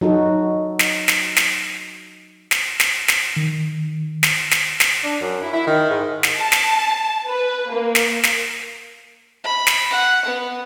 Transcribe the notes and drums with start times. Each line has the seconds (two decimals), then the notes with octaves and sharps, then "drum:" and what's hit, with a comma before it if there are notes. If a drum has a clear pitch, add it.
0.01 F#3 D#4 F#4 A4
0.79 drum: snare
1.08 drum: snare
1.37 drum: snare
2.51 drum: snare
2.80 drum: snare
3.08 drum: snare
3.36 D#3
4.23 drum: snare
4.52 drum: snare
4.80 drum: snare
5.03 D4
5.20 F#2
5.41 E4
5.53 E4
5.66 D#3
5.89 G#2
6.23 drum: snare
6.38 A5
6.52 drum: snare
7.28 B4
7.72 A#3
7.95 drum: snare
8.24 drum: snare
9.43 B5
9.67 drum: snare
9.90 F#5
10.25 B3